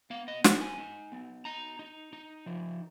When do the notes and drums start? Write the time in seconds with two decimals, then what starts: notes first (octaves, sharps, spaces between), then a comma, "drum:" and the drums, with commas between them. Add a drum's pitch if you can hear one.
0.10 B3 F5
0.28 D#5
0.44 D#4 F#5, drum: snare
0.61 G#5
0.78 D#4
1.12 B3
1.45 D#4 A#5
1.79 D#4
2.13 D#4
2.46 F3